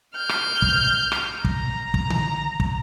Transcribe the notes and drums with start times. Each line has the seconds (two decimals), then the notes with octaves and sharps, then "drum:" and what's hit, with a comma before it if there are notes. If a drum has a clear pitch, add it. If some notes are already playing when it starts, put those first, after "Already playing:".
0.16 F6 G6
0.29 drum: rim click
0.62 drum: kick
1.12 drum: rim click
1.45 A#5, drum: kick
1.94 drum: kick
2.10 drum: tom D3
2.60 drum: kick